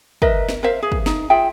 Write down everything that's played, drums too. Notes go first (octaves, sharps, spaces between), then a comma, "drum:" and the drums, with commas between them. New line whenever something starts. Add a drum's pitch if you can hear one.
A#4 B4 D#5 E5, drum: kick
drum: snare
A#4 C5 E5 F5
G#4
drum: kick
D#4, drum: snare
F4 G#4 E5 G5